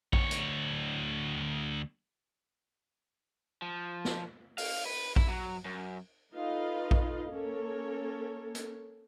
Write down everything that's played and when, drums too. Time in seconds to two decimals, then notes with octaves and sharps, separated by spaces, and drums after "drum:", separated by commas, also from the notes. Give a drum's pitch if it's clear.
0.13 D2 C#5, drum: kick A#1
0.31 drum: hi-hat
3.62 F3
4.05 drum: snare
4.58 F5, drum: open hi-hat
4.86 B4
5.16 E4, drum: kick A#1
5.28 F#3
5.65 F#2
6.34 D#4 F4 A4 B4 D#5 F5
6.91 drum: kick A#1
7.31 A#3 C#4 A4 A#4 C#5
8.55 drum: hi-hat